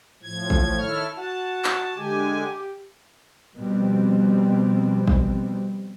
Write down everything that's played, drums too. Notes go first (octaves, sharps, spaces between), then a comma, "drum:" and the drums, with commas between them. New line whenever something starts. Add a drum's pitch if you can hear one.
A2 F3 G#6
drum: kick A1
D#3 E4 A4 C#5 F6
F#4 F#5 A5
drum: clap
D3 G#3 G4 G#5
B2 F3 G3 C4
drum: kick A1